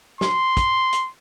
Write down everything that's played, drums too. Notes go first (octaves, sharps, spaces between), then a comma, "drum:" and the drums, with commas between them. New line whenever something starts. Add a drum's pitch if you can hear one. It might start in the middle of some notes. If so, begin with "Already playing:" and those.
C6, drum: snare
drum: kick, hi-hat
drum: hi-hat